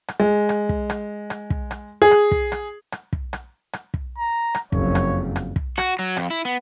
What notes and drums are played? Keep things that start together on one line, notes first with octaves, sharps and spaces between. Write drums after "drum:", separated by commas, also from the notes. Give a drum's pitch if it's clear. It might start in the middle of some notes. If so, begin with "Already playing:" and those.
drum: rim click
G#3
drum: rim click
drum: kick
drum: rim click
drum: rim click
drum: kick
drum: rim click
G#4
drum: rim click
drum: kick
drum: rim click
drum: rim click
drum: kick
drum: rim click
drum: rim click
drum: kick
A#5
drum: rim click
F#1 F2 C#5, drum: kick
drum: rim click
drum: rim click
drum: kick
F#4, drum: rim click
F#3
F2, drum: rim click
E4
B3